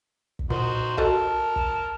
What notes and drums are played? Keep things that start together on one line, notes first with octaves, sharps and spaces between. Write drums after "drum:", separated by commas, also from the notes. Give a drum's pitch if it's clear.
drum: kick
A#2 D#4 F#4 C5
F#4 A4 A#4 D#5 A5, drum: kick
drum: kick